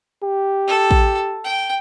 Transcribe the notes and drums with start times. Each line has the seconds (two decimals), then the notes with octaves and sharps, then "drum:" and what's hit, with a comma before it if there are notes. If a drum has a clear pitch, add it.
0.23 G4
0.67 A4
0.91 drum: kick
1.44 G5